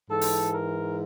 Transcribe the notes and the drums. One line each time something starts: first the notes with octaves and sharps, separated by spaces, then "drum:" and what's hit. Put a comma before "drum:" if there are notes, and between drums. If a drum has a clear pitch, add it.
G#2 E3 A4
drum: open hi-hat
A#4